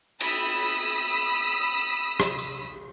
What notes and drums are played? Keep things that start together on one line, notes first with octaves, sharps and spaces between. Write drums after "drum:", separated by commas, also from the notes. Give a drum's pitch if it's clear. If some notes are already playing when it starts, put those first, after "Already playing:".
B5 D#6 E6 B6, drum: cymbal
drum: rim click
drum: tambourine